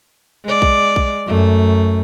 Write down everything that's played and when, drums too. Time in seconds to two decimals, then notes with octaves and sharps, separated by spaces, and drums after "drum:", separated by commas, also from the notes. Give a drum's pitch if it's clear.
0.45 G#3 D5
0.62 drum: kick B1
0.96 drum: kick B1
1.27 F#2 A3